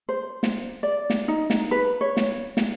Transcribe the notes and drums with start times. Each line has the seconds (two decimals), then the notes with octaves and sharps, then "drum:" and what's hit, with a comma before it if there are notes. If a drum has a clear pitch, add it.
0.09 C5
0.43 drum: snare
0.83 D5
1.10 drum: snare
1.28 D#4
1.50 drum: snare
1.71 B4
2.01 C#5
2.17 drum: snare
2.57 drum: snare